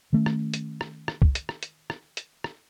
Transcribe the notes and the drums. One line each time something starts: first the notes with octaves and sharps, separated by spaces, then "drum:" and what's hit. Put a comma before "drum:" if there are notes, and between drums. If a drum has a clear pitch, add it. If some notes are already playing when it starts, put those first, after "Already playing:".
D#3 A3 C#4
drum: rim click
drum: hi-hat
drum: rim click
drum: rim click
drum: kick C2
drum: hi-hat
drum: rim click
drum: hi-hat
drum: rim click
drum: hi-hat
drum: rim click